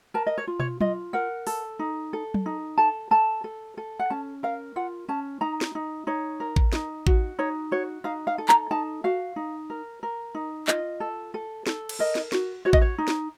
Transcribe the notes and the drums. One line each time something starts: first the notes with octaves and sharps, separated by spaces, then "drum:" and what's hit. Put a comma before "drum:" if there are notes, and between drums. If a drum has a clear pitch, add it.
A#4 A5
D#5
C#5
F4
C#5, drum: tom
F4 D#5, drum: tom F#3
A#4 F#5
A4, drum: open hi-hat
D#4
A4
drum: tom F#3
D#4
A4 A5
A4 A5
A4
A4
F#5
C#4 A5
A#4 F5
F4 F#5
C#4 A5
D#4 A#5
drum: snare
D#4
D#4 C#5
A#4
drum: kick A1
D#4, drum: snare
F#4, drum: kick A1
D#4 C#5
F#4 C#5
D#4 F5
F5
A4
A#5, drum: clap
D#4 A5
F#4 F5
D#4
A#4
A#4
D#4
F4 D#5, drum: clap
A4
A4
A4, drum: snare
drum: cymbal
A#4 D#5
drum: snare
F#4, drum: snare
F#4 C#5
D#5, drum: kick A1
C#5
D#4
drum: snare